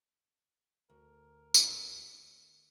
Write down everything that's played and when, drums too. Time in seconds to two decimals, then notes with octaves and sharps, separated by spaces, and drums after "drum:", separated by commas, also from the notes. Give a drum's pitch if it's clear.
0.90 D2 A#4
1.54 drum: tambourine